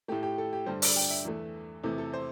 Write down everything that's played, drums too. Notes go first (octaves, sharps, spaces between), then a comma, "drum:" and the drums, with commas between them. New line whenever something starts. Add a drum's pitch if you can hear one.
A2 A3 G4
G4
A4
G4
G2 D3 G3 C5
D5, drum: open hi-hat
G5
E5
E2 E3 A3
E2 C3 E3 A3
A4
C5